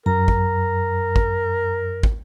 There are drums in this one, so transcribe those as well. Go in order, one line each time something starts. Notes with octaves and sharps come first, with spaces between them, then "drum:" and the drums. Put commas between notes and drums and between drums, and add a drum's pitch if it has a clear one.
F#2 A#4 A#5
drum: kick
drum: kick
drum: kick